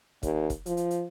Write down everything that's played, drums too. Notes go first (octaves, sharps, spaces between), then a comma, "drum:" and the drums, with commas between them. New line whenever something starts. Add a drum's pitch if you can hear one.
D#2, drum: kick, hi-hat
drum: kick, hi-hat
F3, drum: hi-hat
drum: hi-hat
drum: hi-hat